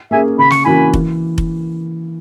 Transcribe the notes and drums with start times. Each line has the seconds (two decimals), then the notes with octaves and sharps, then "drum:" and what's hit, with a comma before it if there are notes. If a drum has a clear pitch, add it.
0.11 A#3 C#4 G#4 E5 G#5
0.38 C#3 B5
0.50 C#6, drum: snare
0.64 E3 A#3 C#4 F#4 G#5 B5
0.94 E3, drum: kick F1
1.38 drum: kick F1